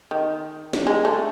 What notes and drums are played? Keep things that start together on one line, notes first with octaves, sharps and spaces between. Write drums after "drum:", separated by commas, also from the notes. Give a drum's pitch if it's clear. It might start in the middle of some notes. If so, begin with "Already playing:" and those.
D#3
drum: snare
G#3
A3